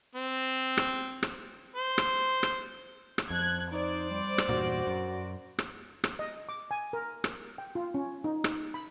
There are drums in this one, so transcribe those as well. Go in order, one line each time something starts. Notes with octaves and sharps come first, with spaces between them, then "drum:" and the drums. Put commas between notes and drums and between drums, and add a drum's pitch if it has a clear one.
C4
drum: rim click
drum: rim click
C5
drum: rim click
drum: rim click
drum: rim click
F2 F3 F#6 G#6
D#4 C5 D5
G3
drum: rim click
E2 G2 A#2 F#4
F#2
drum: rim click
drum: rim click
D#5
D6
G#5
A#4
drum: rim click
G5
F4
C#4
D#4
drum: rim click
B5